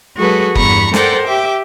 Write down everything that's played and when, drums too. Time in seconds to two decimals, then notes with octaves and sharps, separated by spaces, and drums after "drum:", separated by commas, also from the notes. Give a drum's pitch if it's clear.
0.16 F#3 G#3 F#4 G#4 A4 B4
0.55 E2 G2 B3 A#5 B5 C#6, drum: kick F#1
0.94 A4 A#4 C5 D5 F#5 G5, drum: snare
1.27 G4 E5 G5 D6